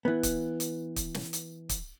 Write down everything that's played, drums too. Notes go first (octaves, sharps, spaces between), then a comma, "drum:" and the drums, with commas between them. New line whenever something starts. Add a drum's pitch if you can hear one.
E3 B3
drum: kick, hi-hat
drum: hi-hat
drum: kick, hi-hat
drum: snare
drum: hi-hat
drum: kick, hi-hat